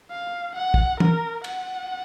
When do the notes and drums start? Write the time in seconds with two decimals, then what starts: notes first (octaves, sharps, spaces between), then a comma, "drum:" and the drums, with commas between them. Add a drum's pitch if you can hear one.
0.11 F5
0.55 F#5
0.74 drum: kick
1.00 A#4, drum: tom E3
1.44 F#5, drum: cymbal